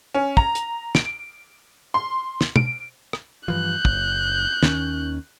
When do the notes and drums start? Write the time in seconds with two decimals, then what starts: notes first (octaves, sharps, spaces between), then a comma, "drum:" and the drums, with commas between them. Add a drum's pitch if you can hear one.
0.15 C#4
0.37 A#5, drum: kick
0.55 drum: hi-hat
0.95 D7, drum: snare
1.94 C6
2.41 drum: snare
2.56 D7, drum: tom
3.13 drum: rim click
3.48 G2 E3 F3 F#6 G6
3.85 F#1, drum: kick
4.63 D#2 D#3 C#4, drum: snare